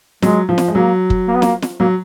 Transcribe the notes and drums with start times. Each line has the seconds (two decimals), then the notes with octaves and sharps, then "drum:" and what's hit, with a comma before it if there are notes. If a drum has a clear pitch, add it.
0.22 F#3 G#3, drum: snare
0.49 F3
0.58 drum: snare
0.68 G#3
0.75 F#3 A#3
1.10 drum: kick
1.28 A#3
1.35 B3
1.42 A#3, drum: snare
1.62 drum: snare
1.80 F#3 A#3